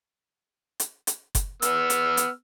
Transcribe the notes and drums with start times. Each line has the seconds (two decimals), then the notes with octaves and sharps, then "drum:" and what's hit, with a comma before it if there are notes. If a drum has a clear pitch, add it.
0.80 drum: hi-hat
1.07 drum: hi-hat
1.35 drum: kick F#1, hi-hat
1.62 B3 E6 F6, drum: hi-hat
1.90 drum: hi-hat
2.17 drum: hi-hat